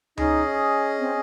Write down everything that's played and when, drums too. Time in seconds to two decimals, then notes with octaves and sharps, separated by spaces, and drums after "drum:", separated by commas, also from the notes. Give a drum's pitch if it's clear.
0.17 C#4 D#4 G#4 D#5, drum: tom C#2
0.99 C4